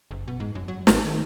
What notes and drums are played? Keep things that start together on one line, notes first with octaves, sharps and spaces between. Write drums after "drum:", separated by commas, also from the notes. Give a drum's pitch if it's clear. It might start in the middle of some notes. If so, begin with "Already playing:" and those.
F#1
B2
G#2
F#2
F#3
G#1, drum: snare
D#3